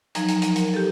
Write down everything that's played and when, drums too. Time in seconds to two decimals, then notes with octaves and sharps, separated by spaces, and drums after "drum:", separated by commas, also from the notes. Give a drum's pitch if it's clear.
0.15 F3 F#3 D#4 A#5 G#6, drum: hi-hat
0.28 drum: hi-hat
0.42 drum: hi-hat
0.56 A#4, drum: hi-hat
0.74 G4 A4